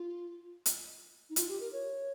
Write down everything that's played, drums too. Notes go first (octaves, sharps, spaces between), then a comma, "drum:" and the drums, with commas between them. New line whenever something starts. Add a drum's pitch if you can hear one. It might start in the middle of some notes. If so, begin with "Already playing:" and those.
Already playing: F4
drum: hi-hat
D#4
F4, drum: hi-hat
G4
A#4
C#5